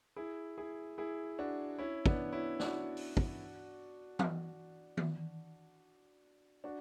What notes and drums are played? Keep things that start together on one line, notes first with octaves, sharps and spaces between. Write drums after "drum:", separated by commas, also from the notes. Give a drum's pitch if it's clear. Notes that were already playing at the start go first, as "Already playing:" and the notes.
E4 G#4
E4 G#4
E4 G#4
D4 F#4
C#4 E4
B3 D4, drum: kick
C#4 E4
D4 F#4, drum: snare
drum: open hi-hat
drum: kick
drum: tom E3
drum: tom D#3
D4 F#4